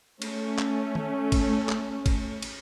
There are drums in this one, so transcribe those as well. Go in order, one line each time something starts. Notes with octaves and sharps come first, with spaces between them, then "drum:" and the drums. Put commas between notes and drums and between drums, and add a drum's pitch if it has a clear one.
A3 C#4, drum: cymbal
drum: clap
drum: tom D#3
drum: kick, cymbal
drum: clap
drum: kick, cymbal
drum: cymbal